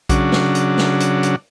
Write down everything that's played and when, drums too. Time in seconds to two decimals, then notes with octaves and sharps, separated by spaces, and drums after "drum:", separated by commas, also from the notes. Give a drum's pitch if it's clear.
0.09 C#3 F#3 D4, drum: kick A#1, hi-hat
0.32 drum: snare
0.55 drum: hi-hat
0.78 drum: snare
1.00 drum: hi-hat
1.23 drum: hi-hat